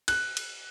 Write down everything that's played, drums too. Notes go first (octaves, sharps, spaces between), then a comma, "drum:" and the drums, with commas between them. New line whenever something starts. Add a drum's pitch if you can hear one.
F#6, drum: cymbal
drum: cymbal